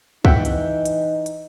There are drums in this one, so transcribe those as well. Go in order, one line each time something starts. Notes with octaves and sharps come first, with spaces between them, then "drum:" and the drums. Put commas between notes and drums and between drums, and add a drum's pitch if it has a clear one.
E3 D#4 E5 F#5 G5, drum: kick
drum: hi-hat
drum: hi-hat
drum: hi-hat